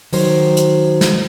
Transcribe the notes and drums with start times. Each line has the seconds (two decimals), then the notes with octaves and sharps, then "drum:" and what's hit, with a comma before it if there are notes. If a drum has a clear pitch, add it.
0.13 D#3 F#3 C5, drum: open hi-hat
0.57 drum: hi-hat
1.01 drum: snare